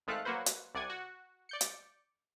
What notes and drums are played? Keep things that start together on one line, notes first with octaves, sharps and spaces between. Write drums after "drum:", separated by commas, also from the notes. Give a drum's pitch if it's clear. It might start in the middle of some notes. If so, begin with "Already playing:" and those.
G#1 G#3 A3 A4 F5 F#6
F#3 A#3 F#4 B4 C5
drum: hi-hat
C2 D5 F#5 G#5 G#6
F#4
D5 G6 C#7
drum: hi-hat